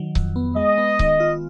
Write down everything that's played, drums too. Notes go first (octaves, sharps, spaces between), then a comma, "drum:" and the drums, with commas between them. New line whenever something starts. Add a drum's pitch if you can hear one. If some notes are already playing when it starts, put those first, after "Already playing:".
Already playing: D#3 F#3
F2, drum: kick C#1
B3
G#3 D#5
B3
D#3, drum: kick C#1
F4